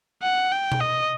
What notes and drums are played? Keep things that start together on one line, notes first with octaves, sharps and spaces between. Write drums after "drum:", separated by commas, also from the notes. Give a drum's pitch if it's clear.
F#5
G5
drum: tom B2
D#5